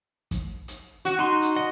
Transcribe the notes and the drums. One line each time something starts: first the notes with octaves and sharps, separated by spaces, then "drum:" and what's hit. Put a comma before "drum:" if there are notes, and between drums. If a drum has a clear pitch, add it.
drum: kick, hi-hat
drum: hi-hat
F#4, drum: hi-hat
D#4 C6
drum: hi-hat
D#5 F#5